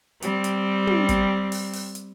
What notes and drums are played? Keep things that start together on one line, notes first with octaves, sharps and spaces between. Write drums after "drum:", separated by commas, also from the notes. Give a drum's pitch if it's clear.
G3 C4, drum: hi-hat
drum: hi-hat
drum: tom
drum: kick, hi-hat
drum: open hi-hat
drum: open hi-hat
drum: hi-hat